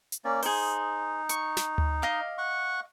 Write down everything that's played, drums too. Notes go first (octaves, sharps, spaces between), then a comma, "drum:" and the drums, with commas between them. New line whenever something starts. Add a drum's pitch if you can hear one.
drum: hi-hat
A#3 C#4 D5
D#4 G#4 C5, drum: open hi-hat
C#6, drum: hi-hat
drum: snare
drum: tom D2
D#5 F5 D6
F#5 C#6